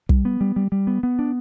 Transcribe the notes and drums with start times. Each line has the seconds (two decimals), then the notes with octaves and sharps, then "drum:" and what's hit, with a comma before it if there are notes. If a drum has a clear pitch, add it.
0.09 G3, drum: kick
0.25 B3
0.41 G3
0.56 G3
0.72 G3
0.87 B3
1.03 B3
1.19 D4